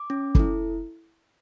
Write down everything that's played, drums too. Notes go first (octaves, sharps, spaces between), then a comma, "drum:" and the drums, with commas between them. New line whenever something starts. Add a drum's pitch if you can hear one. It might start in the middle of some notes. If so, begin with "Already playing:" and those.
Already playing: D6
C#4
E4 A4, drum: kick